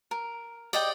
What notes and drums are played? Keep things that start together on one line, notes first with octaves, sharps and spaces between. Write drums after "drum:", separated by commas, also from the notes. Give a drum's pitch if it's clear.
A#4
D5 D#5 G5, drum: cymbal